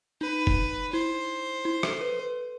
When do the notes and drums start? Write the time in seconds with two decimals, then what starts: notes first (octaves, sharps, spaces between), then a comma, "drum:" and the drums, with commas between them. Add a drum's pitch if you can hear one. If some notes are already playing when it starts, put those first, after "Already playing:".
0.21 D#4 B4
0.47 drum: kick F1
0.93 E4 C5
1.65 E4
1.83 A4, drum: rim click
2.01 B4
2.19 B4